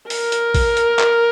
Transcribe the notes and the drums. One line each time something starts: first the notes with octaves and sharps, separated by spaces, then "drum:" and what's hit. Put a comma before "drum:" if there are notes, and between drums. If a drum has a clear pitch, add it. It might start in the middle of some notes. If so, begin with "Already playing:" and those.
A#4, drum: open hi-hat
drum: hi-hat
drum: kick A#1, open hi-hat
drum: hi-hat
drum: clap